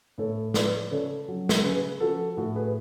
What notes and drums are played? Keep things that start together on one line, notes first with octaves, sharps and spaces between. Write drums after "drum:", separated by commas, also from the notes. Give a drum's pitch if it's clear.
A2 A4 C#5
F3 B4 D5, drum: snare
C#3 A4 C#5
F#3
drum: snare
C#3 G#4 B4
F3 F#4 A4
A2 F#4 A4
G#4 B4